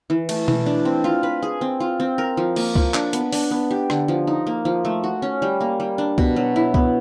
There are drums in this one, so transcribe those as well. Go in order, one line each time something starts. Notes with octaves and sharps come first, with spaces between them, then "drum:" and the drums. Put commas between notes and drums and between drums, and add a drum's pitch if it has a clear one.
E3
A3, drum: cymbal
E3, drum: tom B2
D4
C4
F4
B4
G#4
C4
F4
C4
A#4
F3
A#3, drum: cymbal
F3, drum: kick C#2
D4, drum: clap
B3, drum: hi-hat
D4, drum: open hi-hat
B3
G4
D3, drum: rim click
F3
D#4
A#3
F3
A3
F#4
C#4
G3
A#3
G3
D4
B2, drum: kick C#2
F#3
E4
B3, drum: kick C#2